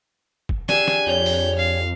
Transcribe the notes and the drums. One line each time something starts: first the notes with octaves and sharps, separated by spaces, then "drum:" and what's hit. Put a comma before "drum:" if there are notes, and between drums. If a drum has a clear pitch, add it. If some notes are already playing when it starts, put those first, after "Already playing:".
drum: kick
D4 G4 G#4 G#5 E6, drum: snare
drum: snare
F2 C#5 G6
drum: open hi-hat
F5